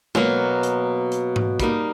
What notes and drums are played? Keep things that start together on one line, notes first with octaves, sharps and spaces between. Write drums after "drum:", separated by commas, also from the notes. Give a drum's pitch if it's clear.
B2 F#3 A#3, drum: tom G#3
drum: hi-hat
drum: hi-hat
drum: tom G#2
G3 A#3 D#4, drum: kick, hi-hat